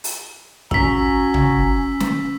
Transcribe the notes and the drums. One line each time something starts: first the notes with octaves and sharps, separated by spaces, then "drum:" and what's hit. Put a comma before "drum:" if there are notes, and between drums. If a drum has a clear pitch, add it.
drum: open hi-hat
C#4 F#4 G#5 A#5 E6 B6, drum: kick
drum: tom
drum: snare